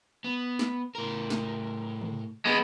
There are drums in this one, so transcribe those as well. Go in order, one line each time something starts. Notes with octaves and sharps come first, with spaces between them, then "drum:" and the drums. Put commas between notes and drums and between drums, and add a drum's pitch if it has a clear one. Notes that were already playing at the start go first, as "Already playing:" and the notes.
B3
drum: snare
A2 A#4
drum: snare
drum: tom
G#3 B3